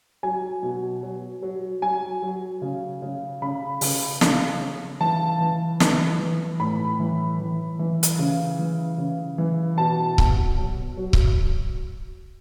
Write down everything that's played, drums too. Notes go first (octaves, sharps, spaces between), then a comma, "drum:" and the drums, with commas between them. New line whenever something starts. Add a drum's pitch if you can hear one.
F#3 G#5
B2
F#3
F#3
F#3 G#5
F#3
C#3
C#3
C#3 B5
C#3, drum: open hi-hat
C#3, drum: snare
C#3
E3 A5
E3
E3, drum: snare
E3
A2 B5
E3
E3
E3
drum: hi-hat
C#3
E3
C#3
E3
B2 A5
B2, drum: kick C#1
F#3
F#3
drum: kick C#1